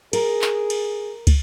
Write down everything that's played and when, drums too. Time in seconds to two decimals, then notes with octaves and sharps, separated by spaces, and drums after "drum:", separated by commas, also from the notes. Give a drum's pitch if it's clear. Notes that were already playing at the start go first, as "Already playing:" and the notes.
0.13 G#4 A#4, drum: cymbal
0.42 drum: clap
0.70 drum: cymbal
1.27 drum: kick, cymbal